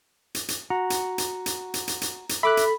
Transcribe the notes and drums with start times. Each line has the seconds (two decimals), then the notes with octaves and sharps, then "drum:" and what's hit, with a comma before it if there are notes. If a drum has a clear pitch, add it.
0.35 drum: hi-hat
0.48 drum: hi-hat
0.70 F#4 A#5
0.90 drum: hi-hat
1.18 drum: hi-hat
1.46 drum: hi-hat
1.74 drum: hi-hat
1.88 drum: hi-hat
2.01 drum: hi-hat
2.29 drum: hi-hat
2.43 A4 E5 B5 D6 F#6
2.57 drum: hi-hat